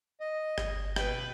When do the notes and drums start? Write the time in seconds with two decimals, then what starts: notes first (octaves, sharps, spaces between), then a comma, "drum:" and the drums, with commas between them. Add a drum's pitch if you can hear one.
0.21 D#5
0.58 G1, drum: rim click
0.96 B2 B4 G5, drum: rim click